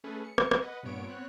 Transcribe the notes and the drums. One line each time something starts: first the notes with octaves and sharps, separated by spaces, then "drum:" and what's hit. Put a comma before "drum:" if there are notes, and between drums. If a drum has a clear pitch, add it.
A3 C#4 G#4 A4 B4
C#7
drum: rim click
drum: rim click
B4 D#5 F#5
G2 A#2 B3 C#5 D7
B3 C4 C#5 F#6